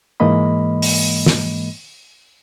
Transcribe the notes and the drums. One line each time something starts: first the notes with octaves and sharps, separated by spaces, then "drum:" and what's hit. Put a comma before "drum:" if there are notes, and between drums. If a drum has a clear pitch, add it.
G#2 E3 G#3 A#3 D#5 B5
drum: open hi-hat
drum: snare